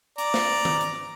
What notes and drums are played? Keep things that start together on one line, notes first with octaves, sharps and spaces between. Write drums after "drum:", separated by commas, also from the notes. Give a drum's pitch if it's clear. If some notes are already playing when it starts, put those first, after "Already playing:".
D5 A#5, drum: hi-hat
drum: snare
drum: tom D#3
drum: hi-hat